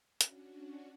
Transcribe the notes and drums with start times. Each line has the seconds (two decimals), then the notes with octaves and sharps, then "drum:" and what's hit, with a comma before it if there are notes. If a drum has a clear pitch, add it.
0.21 C#4 D4 F#4, drum: hi-hat